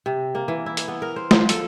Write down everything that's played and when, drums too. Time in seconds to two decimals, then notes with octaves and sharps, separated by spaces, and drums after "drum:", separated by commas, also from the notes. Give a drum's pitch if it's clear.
0.06 C3
0.35 A#3
0.48 E3
0.66 E4
0.77 drum: hi-hat
0.88 B3
1.02 A#4
1.16 C5
1.31 F3, drum: snare
1.49 A4, drum: hi-hat